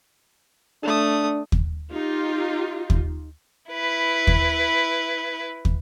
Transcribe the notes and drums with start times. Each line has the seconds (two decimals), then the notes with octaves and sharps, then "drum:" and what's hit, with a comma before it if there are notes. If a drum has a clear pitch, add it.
0.83 A3 D4 D#6
1.52 drum: kick
1.92 D#4 F4 G4
2.90 drum: kick
3.71 E4 B4
4.27 drum: kick
5.65 drum: kick